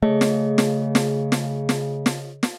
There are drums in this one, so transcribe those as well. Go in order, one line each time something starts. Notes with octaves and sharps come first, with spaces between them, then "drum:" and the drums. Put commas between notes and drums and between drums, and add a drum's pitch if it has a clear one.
C#3 A3 G#4 C#5 D#5
drum: snare
drum: snare
drum: snare
drum: snare
drum: snare
drum: snare
drum: snare